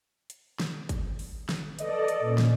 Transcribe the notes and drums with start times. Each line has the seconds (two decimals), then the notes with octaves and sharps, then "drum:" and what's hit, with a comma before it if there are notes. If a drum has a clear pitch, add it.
0.30 drum: hi-hat
0.60 drum: snare
0.89 drum: kick, hi-hat
1.19 drum: open hi-hat
1.49 drum: snare
1.79 A4 B4 D5 D#5, drum: hi-hat
2.08 drum: hi-hat
2.20 A#2 C#4
2.38 drum: snare